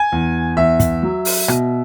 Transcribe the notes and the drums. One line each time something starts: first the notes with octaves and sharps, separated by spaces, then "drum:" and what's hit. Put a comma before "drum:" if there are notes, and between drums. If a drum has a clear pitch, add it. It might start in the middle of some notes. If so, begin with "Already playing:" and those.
Already playing: G#5
E2
E2 E5
drum: kick, hi-hat
F#3
drum: open hi-hat
B2, drum: rim click